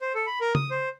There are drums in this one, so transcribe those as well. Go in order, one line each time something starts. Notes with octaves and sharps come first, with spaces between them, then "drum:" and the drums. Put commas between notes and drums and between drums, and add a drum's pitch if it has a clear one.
C5
A4
B5
A#4
D#6, drum: tom
C5